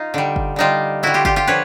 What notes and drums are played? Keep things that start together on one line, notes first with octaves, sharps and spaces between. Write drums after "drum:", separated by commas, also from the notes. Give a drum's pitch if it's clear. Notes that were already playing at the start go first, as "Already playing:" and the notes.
Already playing: D#4 F4
D3 G3
drum: kick F#1
D3 G3 D#4 F4
D3 G3 E4 F#4
F4 G4
F4 G4, drum: kick F#1
F4 G4
D3 F3 B4 C#5